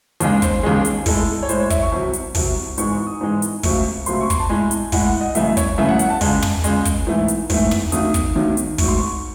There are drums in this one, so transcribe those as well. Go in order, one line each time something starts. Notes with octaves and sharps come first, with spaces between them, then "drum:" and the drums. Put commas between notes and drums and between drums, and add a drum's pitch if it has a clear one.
D#2 C#3 G#3, drum: hi-hat
C5, drum: kick, hi-hat
D#2 C#3 G#3 G#4
drum: hi-hat
A2 G#3 A4, drum: kick, open hi-hat
C#5
A2 G#3 C5, drum: hi-hat
C#5
E5, drum: kick, hi-hat
C#6
C2 C3 F#3
drum: hi-hat
C2 C3 F#3, drum: kick, open hi-hat
G#2 E3 G#3 C#6, drum: hi-hat
C#6
D#6
G#2 E3 G#3
drum: hi-hat
C#2 C3 F#3 A3 C#6, drum: kick, open hi-hat
C#2 C3 F#3 A3 C6, drum: hi-hat
C#6
C6, drum: kick, hi-hat
A5
A2 G#3 G#5
drum: hi-hat
A2 G#3 F#5, drum: kick, open hi-hat
F#5
D#5
F#2 C#3 E3 A3 E5, drum: hi-hat
C#5, drum: kick, hi-hat
F#2 C#3 E3 A3 E5
F#5
F#5, drum: hi-hat
A5
C#2 C#3 G#3, drum: kick, open hi-hat
drum: tom
C#2 C#3 G#3, drum: hi-hat
drum: kick, hi-hat
G#2 E3 A3
drum: hi-hat
G#2 E3 A3, drum: kick, open hi-hat
drum: tom
D#2 D#3 F#3 A3 D#6, drum: hi-hat
drum: kick, hi-hat
D#2 D#3 F#3 A3
drum: hi-hat
G#2 F#3 A3 C#6, drum: kick, open hi-hat
C6
C#6